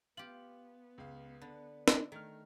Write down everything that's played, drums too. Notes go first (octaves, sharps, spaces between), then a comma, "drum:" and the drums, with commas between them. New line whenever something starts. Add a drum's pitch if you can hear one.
B3 F4 G4 F#7
C#2 F5
D3 B4
drum: snare
D#3 A3 F6